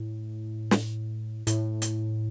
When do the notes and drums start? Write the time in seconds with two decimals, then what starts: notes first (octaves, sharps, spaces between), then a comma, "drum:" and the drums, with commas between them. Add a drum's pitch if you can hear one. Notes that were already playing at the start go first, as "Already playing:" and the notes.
Already playing: A2
0.71 drum: snare
1.47 A2, drum: hi-hat
1.82 drum: hi-hat